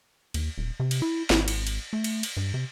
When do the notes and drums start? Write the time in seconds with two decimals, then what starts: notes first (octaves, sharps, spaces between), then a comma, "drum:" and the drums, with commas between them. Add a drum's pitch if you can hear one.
0.34 D#2, drum: cymbal
0.58 D#1
0.80 C3
0.91 drum: cymbal
1.02 E4
1.30 G#1, drum: snare
1.48 drum: cymbal
1.67 drum: cymbal
1.93 A3
2.04 drum: cymbal
2.23 drum: cymbal
2.37 G2
2.54 C3